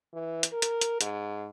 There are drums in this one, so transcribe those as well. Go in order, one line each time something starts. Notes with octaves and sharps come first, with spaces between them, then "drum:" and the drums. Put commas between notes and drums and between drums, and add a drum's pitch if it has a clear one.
E3
drum: hi-hat
A#4
drum: hi-hat
drum: hi-hat
G#2, drum: hi-hat